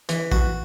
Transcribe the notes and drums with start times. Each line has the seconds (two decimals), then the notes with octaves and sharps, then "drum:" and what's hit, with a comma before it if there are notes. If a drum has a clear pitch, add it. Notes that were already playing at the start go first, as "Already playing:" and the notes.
0.09 E3, drum: hi-hat
0.32 F#4, drum: kick A#1